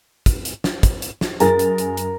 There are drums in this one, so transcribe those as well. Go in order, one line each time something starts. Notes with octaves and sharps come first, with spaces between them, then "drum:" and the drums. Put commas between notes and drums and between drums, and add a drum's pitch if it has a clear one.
drum: kick, hi-hat
drum: hi-hat
drum: snare
drum: kick, hi-hat
drum: hi-hat
drum: snare
F#2 G#4 A#4 A6, drum: hi-hat
drum: hi-hat
drum: hi-hat
drum: hi-hat